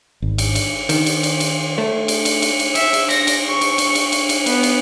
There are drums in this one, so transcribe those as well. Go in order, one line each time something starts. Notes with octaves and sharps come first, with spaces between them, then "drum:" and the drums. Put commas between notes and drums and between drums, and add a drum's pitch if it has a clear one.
G#1
drum: cymbal
drum: cymbal
D#3, drum: cymbal
drum: cymbal
drum: cymbal
drum: cymbal
A3
drum: cymbal
drum: cymbal
drum: cymbal
drum: cymbal
E5, drum: cymbal
drum: cymbal
A#6, drum: cymbal
drum: cymbal
C#6
drum: cymbal
drum: cymbal
drum: cymbal
drum: cymbal
drum: cymbal
B3, drum: cymbal
drum: cymbal